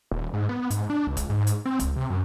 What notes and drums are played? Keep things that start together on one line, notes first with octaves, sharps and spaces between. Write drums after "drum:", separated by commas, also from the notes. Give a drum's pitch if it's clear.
D#1
G#2
B3
G#2, drum: hi-hat
D4
C#2
drum: kick, hi-hat
G#2
drum: hi-hat
C4
C#2, drum: kick, hi-hat
C3
F#2